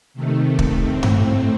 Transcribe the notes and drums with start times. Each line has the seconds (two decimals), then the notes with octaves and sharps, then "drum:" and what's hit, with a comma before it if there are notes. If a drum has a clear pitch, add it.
0.14 C3 D#3 A3
0.59 drum: kick
0.81 A2 A3 C4
1.03 drum: tom G2